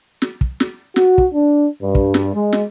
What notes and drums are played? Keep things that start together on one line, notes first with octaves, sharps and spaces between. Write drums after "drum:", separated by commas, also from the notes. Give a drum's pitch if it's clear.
drum: snare
drum: kick
drum: snare
F#4, drum: snare
drum: kick
D4
G2
drum: kick
drum: snare
G#3
drum: snare